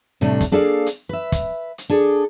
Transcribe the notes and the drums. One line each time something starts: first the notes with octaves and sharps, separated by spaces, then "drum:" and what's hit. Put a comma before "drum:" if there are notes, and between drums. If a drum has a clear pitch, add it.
A2 C3 G3 A3 D4
drum: kick, hi-hat
A#3 D4 G#4 A4 D5 F5
drum: hi-hat
B4 E5
drum: kick, hi-hat
drum: hi-hat
D4 G#4 A4